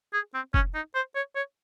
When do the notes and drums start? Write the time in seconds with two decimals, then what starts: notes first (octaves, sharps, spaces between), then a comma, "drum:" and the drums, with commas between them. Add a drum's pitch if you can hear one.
0.13 G#4
0.34 C4
0.54 C#4, drum: kick
0.74 D#4
0.95 C5
1.15 C#5
1.36 C#5